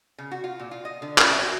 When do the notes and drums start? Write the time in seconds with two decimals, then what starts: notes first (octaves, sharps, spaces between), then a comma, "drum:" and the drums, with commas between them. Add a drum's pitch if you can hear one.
0.18 C#3
0.31 F#4
0.44 F4
0.59 A#2
0.71 F4
0.85 D#5
1.02 D3
1.18 C#4, drum: clap
1.32 E5
1.43 F#4